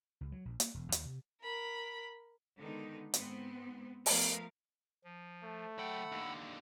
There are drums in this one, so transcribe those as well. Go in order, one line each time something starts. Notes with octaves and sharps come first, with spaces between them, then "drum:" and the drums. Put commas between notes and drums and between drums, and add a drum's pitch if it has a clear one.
C#2
F#3
A#1
A#3, drum: hi-hat
E1
D#2, drum: hi-hat
C3
A#4 B5
D3 D#3 G#3 B3 D#4
G#2 B3 C4, drum: hi-hat
F3 A3 B3 A#4 F5, drum: open hi-hat
F3
A3
F#3 F#5 G5 B5 E6
D#2 D3